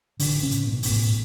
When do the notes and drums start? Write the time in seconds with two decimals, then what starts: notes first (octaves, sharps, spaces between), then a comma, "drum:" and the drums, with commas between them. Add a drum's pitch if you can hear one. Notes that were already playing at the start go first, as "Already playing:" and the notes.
0.19 A1 D3 D4, drum: open hi-hat
0.43 C#3 C#4
0.51 A2, drum: hi-hat
0.67 B2 B3
0.83 A1, drum: open hi-hat
0.90 A2 A3